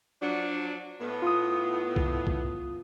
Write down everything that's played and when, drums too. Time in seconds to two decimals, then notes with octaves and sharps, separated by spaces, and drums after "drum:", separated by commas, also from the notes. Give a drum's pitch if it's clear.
0.22 F3 F#3 D4
1.01 A2 B3
1.22 F4 D#6
1.96 drum: kick
2.27 drum: kick